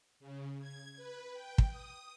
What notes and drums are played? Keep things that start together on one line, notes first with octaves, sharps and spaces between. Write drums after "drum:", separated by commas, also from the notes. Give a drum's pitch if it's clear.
C#3
G#6
B4
G5
drum: kick
D#6